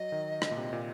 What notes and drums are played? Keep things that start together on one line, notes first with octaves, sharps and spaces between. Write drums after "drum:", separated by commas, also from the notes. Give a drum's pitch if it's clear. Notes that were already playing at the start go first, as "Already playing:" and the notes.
Already playing: F#3 D#5
D#3
D3, drum: rim click
A#2
C3
A#2